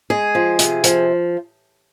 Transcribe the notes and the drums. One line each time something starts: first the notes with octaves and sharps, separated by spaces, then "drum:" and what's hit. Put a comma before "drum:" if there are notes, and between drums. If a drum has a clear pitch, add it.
G#3 G#4
F3
C3, drum: hi-hat
F3, drum: hi-hat